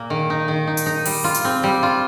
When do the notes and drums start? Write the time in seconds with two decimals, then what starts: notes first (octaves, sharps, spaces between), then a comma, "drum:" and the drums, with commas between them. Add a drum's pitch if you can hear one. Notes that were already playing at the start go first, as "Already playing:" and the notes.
Already playing: A#2 A#3
0.10 D#3
0.30 D#4
0.48 D#3
0.67 D#4
0.77 drum: hi-hat
0.86 D#4
1.05 G3, drum: open hi-hat
1.24 F4
1.34 drum: hi-hat
1.45 C4
1.63 G3
1.83 F4